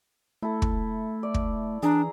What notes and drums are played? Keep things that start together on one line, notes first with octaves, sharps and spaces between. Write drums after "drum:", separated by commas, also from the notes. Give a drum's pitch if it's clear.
A3 E4 A4
drum: kick
D5
drum: kick
E3 D4 G#4 A#5